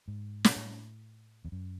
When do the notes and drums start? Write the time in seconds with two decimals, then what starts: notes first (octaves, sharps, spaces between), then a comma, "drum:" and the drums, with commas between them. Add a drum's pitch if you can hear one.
0.08 G#2
0.45 B2, drum: snare
0.56 A2
1.45 E2
1.52 F#2